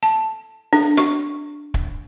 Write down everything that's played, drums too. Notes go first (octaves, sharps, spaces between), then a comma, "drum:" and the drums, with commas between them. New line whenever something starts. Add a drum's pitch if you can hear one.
A5
D4
C#6, drum: snare
drum: kick